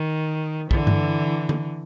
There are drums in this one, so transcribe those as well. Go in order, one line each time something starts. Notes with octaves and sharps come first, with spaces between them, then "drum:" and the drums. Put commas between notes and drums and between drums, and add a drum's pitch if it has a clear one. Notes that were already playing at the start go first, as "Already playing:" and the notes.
Already playing: D#3
D3 E3, drum: kick
drum: tom G2
drum: tom D3